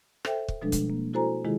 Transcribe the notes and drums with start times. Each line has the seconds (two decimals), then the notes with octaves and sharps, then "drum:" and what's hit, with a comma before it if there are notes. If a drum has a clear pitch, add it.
0.25 A4 C5 E5 G5, drum: rim click
0.48 drum: kick
0.62 B2 F3 G3 G#3 D4 A4
0.72 drum: kick, hi-hat
0.90 A#3
1.13 E4 F#4 A4 C5 G#5 A#5
1.44 C3 D#3 G#3 E4 F4 G#4